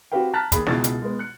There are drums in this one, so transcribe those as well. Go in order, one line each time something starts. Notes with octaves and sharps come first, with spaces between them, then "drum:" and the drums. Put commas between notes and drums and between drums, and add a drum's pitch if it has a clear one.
C4 F#4 G4 B4 F5 G5
A5 A#5 F6 F#6 A6 B6
D#2 G#4 B5, drum: kick, hi-hat
C#2 B2 E4 G#4 A6, drum: snare
drum: hi-hat
G#3 B3
F#6 C#7